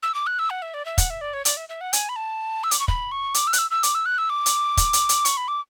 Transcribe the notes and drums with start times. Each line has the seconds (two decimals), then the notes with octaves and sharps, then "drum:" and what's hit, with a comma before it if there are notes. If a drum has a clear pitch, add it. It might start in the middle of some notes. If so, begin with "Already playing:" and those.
0.03 E6
0.14 D6
0.27 F#6
0.39 E6
0.50 F#5
0.62 E5
0.74 D5
0.85 E5
0.98 F#5, drum: kick, hi-hat
1.10 E5
1.21 D5
1.33 C#5
1.45 D5, drum: hi-hat
1.57 E5
1.69 E5
1.81 F#5
1.93 G#5, drum: hi-hat
2.09 B5
2.16 A5
2.64 E6
2.71 D6, drum: hi-hat
2.80 C#6
2.88 B5, drum: kick
3.12 C#6
3.34 D6, drum: hi-hat
3.47 E6
3.53 F#6, drum: hi-hat
3.58 E6
3.71 E6
3.83 D6, drum: hi-hat
3.95 E6
4.06 F#6
4.18 E6
4.30 D6
4.46 drum: hi-hat
4.77 drum: kick, hi-hat
4.93 drum: hi-hat
5.09 drum: hi-hat
5.25 C#6, drum: hi-hat
5.37 B5
5.48 D6